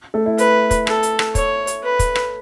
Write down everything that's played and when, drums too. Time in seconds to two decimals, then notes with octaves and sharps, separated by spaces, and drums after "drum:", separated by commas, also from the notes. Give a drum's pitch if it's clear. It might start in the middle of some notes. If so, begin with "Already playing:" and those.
0.14 A3 A4
0.26 E4
0.38 B4, drum: hi-hat
0.71 drum: kick, hi-hat
0.87 A4, drum: rim click
1.03 drum: hi-hat
1.19 drum: rim click
1.35 C#5, drum: kick, hi-hat
1.67 drum: hi-hat
1.84 B4
1.99 drum: kick, hi-hat
2.15 drum: rim click